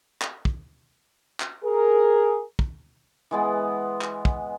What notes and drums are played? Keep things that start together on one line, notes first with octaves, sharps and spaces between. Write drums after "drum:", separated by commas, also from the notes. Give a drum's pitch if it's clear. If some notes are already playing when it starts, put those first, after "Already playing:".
drum: clap
drum: kick
drum: clap
G#4 A#4
drum: kick
E3 G#3 B3
drum: clap
drum: kick